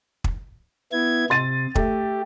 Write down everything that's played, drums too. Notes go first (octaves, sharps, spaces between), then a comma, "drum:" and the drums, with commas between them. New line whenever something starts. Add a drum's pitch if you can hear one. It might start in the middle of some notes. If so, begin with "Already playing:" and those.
drum: kick
B3 E4 G#6
C3 C6 A6 D#7
A3 G4, drum: kick